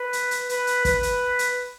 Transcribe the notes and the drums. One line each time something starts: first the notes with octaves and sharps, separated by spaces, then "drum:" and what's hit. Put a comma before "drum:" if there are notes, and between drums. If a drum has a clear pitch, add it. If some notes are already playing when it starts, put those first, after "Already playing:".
Already playing: B4
drum: hi-hat
drum: hi-hat
B4, drum: hi-hat
drum: hi-hat
B4, drum: kick, hi-hat
drum: hi-hat
drum: hi-hat